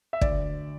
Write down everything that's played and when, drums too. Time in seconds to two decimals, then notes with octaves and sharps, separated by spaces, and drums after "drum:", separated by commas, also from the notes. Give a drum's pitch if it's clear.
0.13 E5
0.21 D2 D5, drum: kick